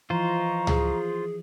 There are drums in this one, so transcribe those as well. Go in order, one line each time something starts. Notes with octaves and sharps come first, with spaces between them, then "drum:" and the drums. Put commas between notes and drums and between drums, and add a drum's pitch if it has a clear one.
E3 F3 E4 F4 C5 D#5 A#5 C#6
G#4, drum: tom C#2